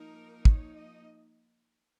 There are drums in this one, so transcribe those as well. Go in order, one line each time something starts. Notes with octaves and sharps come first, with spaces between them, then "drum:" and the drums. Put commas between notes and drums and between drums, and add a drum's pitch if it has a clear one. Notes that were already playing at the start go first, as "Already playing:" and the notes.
Already playing: F3 A#3 D#4 A#4
C#5, drum: kick
D#5